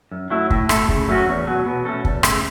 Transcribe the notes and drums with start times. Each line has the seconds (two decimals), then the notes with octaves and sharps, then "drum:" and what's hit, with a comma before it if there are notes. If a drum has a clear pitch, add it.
0.11 F#2
0.30 F#3 A3 E4
0.50 A2, drum: kick
0.69 A3 E4 A4, drum: rim click
0.89 C#3, drum: kick
1.08 F#3 A3 C#4 F#4
1.28 E2
1.46 B2 F#3
1.66 B2
1.85 A3 C#4 A4
2.05 E2, drum: kick
2.23 C#3 A3, drum: rim click